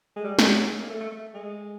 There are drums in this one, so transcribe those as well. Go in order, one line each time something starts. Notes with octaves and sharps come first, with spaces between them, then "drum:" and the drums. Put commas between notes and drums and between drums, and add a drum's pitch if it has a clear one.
G#3
G3
G#3, drum: snare
F#3
G#3
A#3
A3
A3
A3
G#3